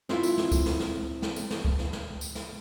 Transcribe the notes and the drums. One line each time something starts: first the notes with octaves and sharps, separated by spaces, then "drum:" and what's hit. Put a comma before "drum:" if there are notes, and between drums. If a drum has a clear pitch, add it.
C4 E4 F4, drum: snare
drum: tambourine
drum: snare
drum: kick C#2, tambourine
drum: snare
drum: snare
drum: snare
drum: tambourine
drum: snare
drum: kick C#2
drum: snare
drum: snare
drum: tambourine
drum: snare